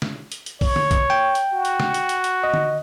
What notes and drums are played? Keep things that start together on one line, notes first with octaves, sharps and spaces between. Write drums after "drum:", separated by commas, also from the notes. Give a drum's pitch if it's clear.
drum: snare
drum: hi-hat
drum: hi-hat
C#5, drum: kick, open hi-hat
drum: tom D3
drum: kick, hi-hat
G5
drum: hi-hat
F#4
drum: hi-hat
drum: snare
drum: hi-hat
drum: hi-hat
drum: hi-hat
D#5
drum: tom D3